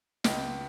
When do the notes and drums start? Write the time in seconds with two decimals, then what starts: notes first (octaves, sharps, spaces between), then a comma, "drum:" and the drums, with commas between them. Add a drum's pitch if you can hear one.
0.24 C#2, drum: snare